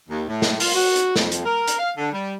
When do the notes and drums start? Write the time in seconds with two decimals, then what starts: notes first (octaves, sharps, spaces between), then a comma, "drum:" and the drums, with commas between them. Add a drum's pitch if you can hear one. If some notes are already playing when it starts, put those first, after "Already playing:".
0.09 D#2
0.27 A2
0.42 drum: snare
0.60 F4, drum: open hi-hat
0.75 F#4
0.96 drum: hi-hat
1.16 F2, drum: snare
1.32 drum: hi-hat
1.44 A#4
1.67 drum: hi-hat
1.78 F5
1.97 D3
2.12 G3